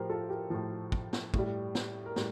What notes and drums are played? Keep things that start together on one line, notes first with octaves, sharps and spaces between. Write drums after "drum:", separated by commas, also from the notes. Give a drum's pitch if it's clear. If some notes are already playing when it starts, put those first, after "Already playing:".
Already playing: A2 F3 G4 A#4 C5
F4 A4
G4 A#4
A2 F3
drum: kick
drum: snare
A2 G3, drum: kick
drum: snare
A#4
A2 G3, drum: snare